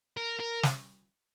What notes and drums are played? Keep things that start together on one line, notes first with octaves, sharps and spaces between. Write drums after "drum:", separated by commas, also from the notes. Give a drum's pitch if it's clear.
A#4
A#4
drum: snare